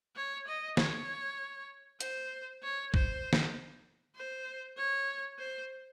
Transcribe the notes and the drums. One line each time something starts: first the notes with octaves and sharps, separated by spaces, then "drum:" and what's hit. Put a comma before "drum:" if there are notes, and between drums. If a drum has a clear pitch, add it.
C#5
D#5
C#5, drum: snare
C5, drum: hi-hat
C#5
C5, drum: kick
drum: snare
C5
C#5
C5